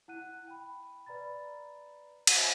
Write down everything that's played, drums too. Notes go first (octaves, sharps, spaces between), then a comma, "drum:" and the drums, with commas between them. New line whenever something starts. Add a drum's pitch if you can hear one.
E4 F#5 F#6 D#7
G5 B5
B4 D5 A#5 B5 A6
drum: cymbal